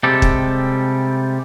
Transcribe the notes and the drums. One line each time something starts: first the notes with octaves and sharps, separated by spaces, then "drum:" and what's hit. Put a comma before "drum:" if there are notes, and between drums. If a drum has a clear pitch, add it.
C3 G3 G#3 G4 A4
drum: kick